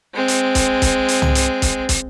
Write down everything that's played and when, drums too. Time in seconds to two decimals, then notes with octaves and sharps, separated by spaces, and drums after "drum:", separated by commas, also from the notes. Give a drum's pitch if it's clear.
0.15 G#3 C4
0.28 drum: hi-hat
0.55 drum: kick, hi-hat
0.82 drum: kick, hi-hat
1.08 drum: hi-hat
1.22 drum: tom
1.35 drum: hi-hat
1.62 drum: kick, hi-hat
1.89 drum: kick, hi-hat